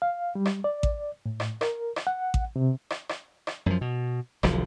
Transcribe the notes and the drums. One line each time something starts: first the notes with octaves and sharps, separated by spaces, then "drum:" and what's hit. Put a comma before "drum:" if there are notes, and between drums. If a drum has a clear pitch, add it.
F5
G3
drum: rim click
D5
drum: kick A1
A2
drum: rim click
A#4, drum: rim click
drum: rim click
F#5
drum: kick A1
C3
drum: rim click
drum: rim click
drum: rim click
F#2 F3
B2
E1 B1 D3 F3, drum: rim click